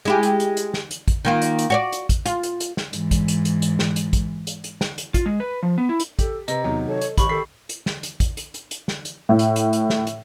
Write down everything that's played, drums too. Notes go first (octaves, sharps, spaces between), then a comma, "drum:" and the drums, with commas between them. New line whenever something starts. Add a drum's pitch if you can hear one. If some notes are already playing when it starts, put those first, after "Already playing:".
G#3 E4 G4
drum: hi-hat
drum: hi-hat
drum: hi-hat
drum: snare
drum: hi-hat
drum: kick, hi-hat
D#3 A#3 F4
drum: hi-hat
drum: hi-hat
F#4 C#5 D5
drum: hi-hat
drum: kick, hi-hat
F4, drum: hi-hat
drum: hi-hat
drum: hi-hat
drum: snare
G#2 E3, drum: hi-hat
drum: kick, hi-hat
drum: hi-hat
drum: hi-hat
drum: hi-hat
drum: snare
drum: hi-hat
drum: kick, hi-hat
drum: hi-hat
drum: hi-hat
drum: snare
drum: hi-hat
F4, drum: kick, hi-hat
G#3
B4
F3
B3
E4
drum: hi-hat
G4 A4, drum: kick, hi-hat
C3 B4 D#5 A#5, drum: hi-hat
E2 C3 D#3 F#3
A4 C#5
drum: hi-hat
A1 D#3 G4 B5 C#6, drum: kick, hi-hat
D#3 G4 A4 B6 C7
drum: hi-hat
drum: snare
drum: hi-hat
drum: kick, hi-hat
drum: hi-hat
drum: hi-hat
drum: hi-hat
drum: snare
drum: hi-hat
A2
drum: hi-hat
drum: hi-hat
drum: hi-hat
drum: snare
drum: hi-hat